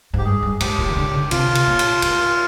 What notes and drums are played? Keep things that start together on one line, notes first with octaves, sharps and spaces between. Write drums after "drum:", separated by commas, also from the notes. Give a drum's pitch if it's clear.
G#2 G4
G2 G#4
G2
G#2 G4, drum: cymbal
A#2
D#3
D3
D3
C3 F4, drum: cymbal
drum: cymbal
A#2
drum: cymbal
G#2, drum: cymbal